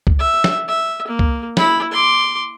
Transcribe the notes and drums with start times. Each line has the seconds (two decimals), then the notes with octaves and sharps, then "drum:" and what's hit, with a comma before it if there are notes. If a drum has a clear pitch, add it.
0.07 drum: kick C#2
0.19 E5
0.44 drum: snare
0.68 E5
1.07 A#3
1.19 drum: kick C#2
1.57 E4 B5, drum: snare
1.92 C6 D6